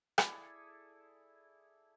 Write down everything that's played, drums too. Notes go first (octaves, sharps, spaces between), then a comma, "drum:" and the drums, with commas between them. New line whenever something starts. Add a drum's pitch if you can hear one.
E4 G#4 A4 D5, drum: rim click